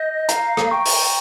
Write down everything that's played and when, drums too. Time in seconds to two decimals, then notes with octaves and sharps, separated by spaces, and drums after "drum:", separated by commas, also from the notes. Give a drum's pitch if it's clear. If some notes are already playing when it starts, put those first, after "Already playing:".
Already playing: D#5 G6 A#6
0.29 F5 A#5, drum: hi-hat
0.57 drum: rim click
0.71 G5 C#6
0.85 drum: open hi-hat